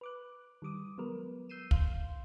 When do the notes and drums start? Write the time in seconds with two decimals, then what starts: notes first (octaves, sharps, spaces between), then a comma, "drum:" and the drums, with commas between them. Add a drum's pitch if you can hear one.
0.01 B4 D6 F#6
0.62 D#3 G3 D6 D#6
0.98 F#3 G#3 B3 A#4 B4
1.49 E6 G6 C7 D#7 E7
1.71 F5 C6 G6, drum: kick